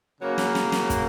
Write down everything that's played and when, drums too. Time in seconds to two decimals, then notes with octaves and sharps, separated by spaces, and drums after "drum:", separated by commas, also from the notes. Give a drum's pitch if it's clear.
0.20 C#3 F#3 A#3
0.38 drum: snare
0.55 drum: snare
0.72 drum: snare
0.90 drum: kick, hi-hat